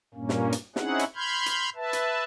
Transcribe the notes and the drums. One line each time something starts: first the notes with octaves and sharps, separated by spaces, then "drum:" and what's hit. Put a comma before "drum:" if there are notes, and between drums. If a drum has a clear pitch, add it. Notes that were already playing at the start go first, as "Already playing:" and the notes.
G2 A#2 A#3 C#4
drum: snare
drum: hi-hat
C4 C#4 D#4 E4 G#4 F#5, drum: snare
drum: hi-hat
B5 C6 F6 G6 G#6
drum: hi-hat
B4 E5 A5
drum: hi-hat